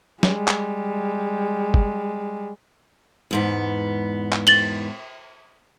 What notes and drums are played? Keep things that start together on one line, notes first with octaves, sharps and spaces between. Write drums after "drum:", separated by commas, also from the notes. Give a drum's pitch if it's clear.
G3 G#3, drum: snare F#3
drum: clap
drum: kick
E2 G#2 B3
drum: clap
A6 F#7 G7, drum: cymbal